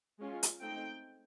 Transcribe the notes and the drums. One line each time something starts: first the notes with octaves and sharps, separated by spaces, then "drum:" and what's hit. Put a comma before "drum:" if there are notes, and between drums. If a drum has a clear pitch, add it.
G#3 C#4 F4
drum: hi-hat
A3 C4 D#4 G5